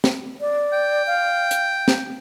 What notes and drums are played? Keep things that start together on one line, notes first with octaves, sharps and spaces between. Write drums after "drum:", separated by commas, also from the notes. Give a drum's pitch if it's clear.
drum: snare
D5
G5
F5
drum: hi-hat
drum: snare